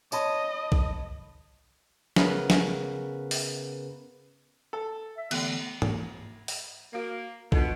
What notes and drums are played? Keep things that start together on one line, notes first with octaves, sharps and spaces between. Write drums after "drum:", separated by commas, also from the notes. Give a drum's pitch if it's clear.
C#5 D#5 A5 B5, drum: tambourine
drum: kick
C#3 B3 A#4 B4, drum: snare
drum: snare
drum: open hi-hat
A4
E5
D3 E3 A3 B3 F#6, drum: cymbal
drum: tom G#2
drum: open hi-hat
A#3 F#4 F5
B2 D4 F4 A4, drum: kick